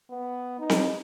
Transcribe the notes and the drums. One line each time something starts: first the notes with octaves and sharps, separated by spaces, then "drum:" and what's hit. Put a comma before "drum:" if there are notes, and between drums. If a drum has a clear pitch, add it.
B3
D#4
drum: snare C4